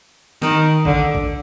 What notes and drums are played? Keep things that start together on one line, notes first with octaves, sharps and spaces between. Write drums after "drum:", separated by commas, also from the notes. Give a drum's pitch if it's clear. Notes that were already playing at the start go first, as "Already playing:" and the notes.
D#3, drum: snare
D3, drum: kick A#1
drum: kick A#1